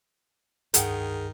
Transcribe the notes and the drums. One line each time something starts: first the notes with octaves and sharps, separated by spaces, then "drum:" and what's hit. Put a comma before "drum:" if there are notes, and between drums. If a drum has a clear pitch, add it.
C#2 G2 D#3 G#4 F#5 G5, drum: hi-hat